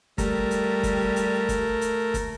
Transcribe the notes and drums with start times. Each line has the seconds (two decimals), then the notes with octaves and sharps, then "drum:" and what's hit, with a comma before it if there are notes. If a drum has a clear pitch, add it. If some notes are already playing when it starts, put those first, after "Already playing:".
0.18 G3 A3 A#4, drum: kick, hi-hat
0.51 drum: hi-hat
0.83 drum: kick, hi-hat
1.16 drum: hi-hat
1.49 drum: kick, hi-hat
1.81 drum: hi-hat
2.14 drum: kick, hi-hat